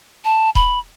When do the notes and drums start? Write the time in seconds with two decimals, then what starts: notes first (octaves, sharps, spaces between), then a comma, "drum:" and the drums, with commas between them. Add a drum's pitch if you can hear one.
0.25 A5
0.55 B5, drum: kick D#1